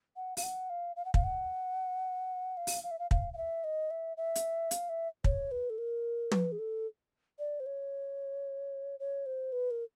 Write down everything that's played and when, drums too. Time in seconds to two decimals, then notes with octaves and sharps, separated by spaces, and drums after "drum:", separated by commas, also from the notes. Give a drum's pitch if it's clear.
0.16 F#5
0.37 F5, drum: open hi-hat
0.43 F#5
0.70 F5
0.96 F5
1.05 F#5
1.14 F5, drum: kick
1.24 F#5
2.57 F5
2.67 drum: open hi-hat
2.83 F5
2.91 E5
2.99 F5
3.11 F5, drum: kick
3.33 F5
3.37 E5
3.64 D#5
3.90 E5
4.17 E5
4.35 drum: hi-hat
4.71 F5, drum: hi-hat
4.89 E5
5.24 C#5, drum: kick
5.51 B4
5.70 A4
5.78 A#4
6.31 B4, drum: tom
6.52 G#4
6.59 A4
7.39 D5
7.60 C5
7.66 C#5
9.00 C#5
9.26 C5
9.52 B4
9.71 A#4